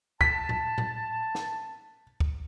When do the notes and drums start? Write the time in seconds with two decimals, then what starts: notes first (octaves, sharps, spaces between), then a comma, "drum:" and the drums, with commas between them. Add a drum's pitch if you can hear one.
0.21 A5 B6, drum: kick
0.49 drum: tom A2
0.78 drum: tom A2
1.35 drum: snare
2.20 drum: kick